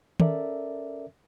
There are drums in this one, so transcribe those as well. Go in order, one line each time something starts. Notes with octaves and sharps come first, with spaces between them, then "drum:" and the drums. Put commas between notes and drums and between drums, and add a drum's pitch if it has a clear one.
C#4 A4 A#4 D5 E5, drum: tom D#3